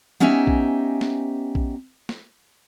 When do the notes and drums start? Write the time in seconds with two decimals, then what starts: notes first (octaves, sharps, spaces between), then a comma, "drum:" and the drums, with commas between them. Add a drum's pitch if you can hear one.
0.20 B3 C#4 D#4 G4 E5 G#5
0.47 drum: kick
1.01 drum: snare
1.55 drum: kick
2.09 drum: snare